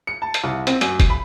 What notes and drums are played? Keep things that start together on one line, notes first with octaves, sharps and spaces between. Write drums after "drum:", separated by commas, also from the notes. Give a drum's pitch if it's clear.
C#7
A5
drum: hi-hat
C2
C4, drum: hi-hat
F#2, drum: hi-hat
drum: kick, hi-hat
B5